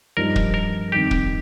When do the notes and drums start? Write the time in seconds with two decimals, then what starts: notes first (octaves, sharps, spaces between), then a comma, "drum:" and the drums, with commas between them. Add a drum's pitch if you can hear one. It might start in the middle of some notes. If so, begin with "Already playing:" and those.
0.17 G2 F3 D#4 A#4
0.36 drum: kick
0.54 A#4
0.92 F2 D#3 G3 G4
1.11 drum: kick